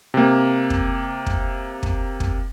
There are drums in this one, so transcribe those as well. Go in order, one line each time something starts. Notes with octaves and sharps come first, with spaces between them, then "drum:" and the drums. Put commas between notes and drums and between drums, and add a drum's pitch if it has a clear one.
C3 A#3
drum: kick
drum: kick
drum: kick
drum: kick